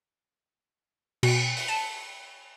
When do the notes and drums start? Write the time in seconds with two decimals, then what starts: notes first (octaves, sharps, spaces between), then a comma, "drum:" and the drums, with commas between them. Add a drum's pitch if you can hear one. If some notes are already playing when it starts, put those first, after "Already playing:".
1.23 B2, drum: cymbal
1.57 drum: open hi-hat
1.68 A5